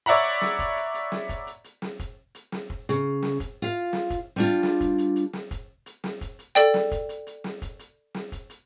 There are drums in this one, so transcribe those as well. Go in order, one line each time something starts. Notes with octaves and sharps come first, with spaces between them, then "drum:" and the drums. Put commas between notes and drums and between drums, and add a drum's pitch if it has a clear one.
C#5 D5 E5 F#5 A#5 B5, drum: hi-hat
drum: hi-hat
drum: snare
drum: kick, hi-hat
drum: hi-hat
drum: hi-hat
drum: snare
drum: kick, hi-hat
drum: hi-hat
drum: hi-hat
drum: snare
drum: kick, hi-hat
drum: hi-hat
drum: snare
drum: kick
C#3, drum: hi-hat
drum: snare
drum: kick, hi-hat
F4 F5
drum: snare
drum: kick, hi-hat
G3 D4 F4
drum: hi-hat
drum: snare
drum: kick, hi-hat
drum: hi-hat
drum: hi-hat
drum: snare
drum: kick, hi-hat
drum: hi-hat
drum: snare
drum: kick, hi-hat
drum: hi-hat
A4 D5 G5, drum: hi-hat
drum: snare
drum: kick, hi-hat
drum: hi-hat
drum: hi-hat
drum: snare
drum: kick, hi-hat
drum: hi-hat
drum: snare
drum: kick, hi-hat
drum: hi-hat